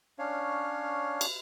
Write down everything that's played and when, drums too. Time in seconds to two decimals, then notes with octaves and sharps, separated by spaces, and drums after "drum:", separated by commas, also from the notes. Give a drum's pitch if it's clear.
0.19 C#4 D4 C#5 F5
1.21 drum: cymbal